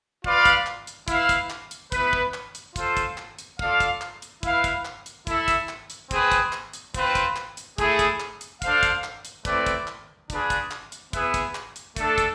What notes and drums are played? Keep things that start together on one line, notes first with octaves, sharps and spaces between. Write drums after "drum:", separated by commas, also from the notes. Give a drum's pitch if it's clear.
F4 B4 D5 F5, drum: kick
drum: kick, hi-hat
drum: clap
drum: hi-hat
E4 B4 F5, drum: kick, hi-hat
drum: kick, hi-hat
drum: clap
drum: hi-hat
B3 E4 B4, drum: kick, hi-hat
drum: kick
drum: clap
drum: hi-hat
F4 A4 C5, drum: kick, hi-hat
drum: kick, hi-hat
drum: clap
drum: hi-hat
F4 A4 D5 F5, drum: kick
drum: kick, hi-hat
drum: clap
drum: hi-hat
E4 B4 F5, drum: kick, hi-hat
drum: kick, hi-hat
drum: clap
drum: hi-hat
E4 A4 E5, drum: kick, hi-hat
drum: kick, hi-hat
drum: clap
drum: hi-hat
C4 G#4 B4, drum: kick, hi-hat
drum: kick, hi-hat
drum: clap
drum: hi-hat
C4 F4 B4, drum: kick, hi-hat
drum: kick, hi-hat
drum: clap
drum: hi-hat
A3 E4 G#4, drum: kick, hi-hat
drum: kick, hi-hat
drum: clap
drum: hi-hat
D4 A4 C5 F5, drum: kick, hi-hat
drum: kick, hi-hat
drum: clap
drum: hi-hat
A3 C4 E4 B4 D5, drum: kick, hi-hat
drum: kick, hi-hat
drum: clap
D4 F4 G#4 B4, drum: kick, hi-hat
drum: kick, hi-hat
drum: clap
drum: hi-hat
B3 E4 G#4 B4 E5, drum: kick, hi-hat
drum: kick, hi-hat
drum: clap
drum: hi-hat
A3 D4 A4, drum: kick, hi-hat
drum: kick, hi-hat